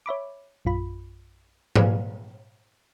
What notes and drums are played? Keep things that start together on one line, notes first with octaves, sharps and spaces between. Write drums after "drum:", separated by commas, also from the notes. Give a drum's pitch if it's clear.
C#5 E5 B5 D6
A#1 F#2 F4 B5
G4 B4 D5 F5 G#5, drum: tom G#2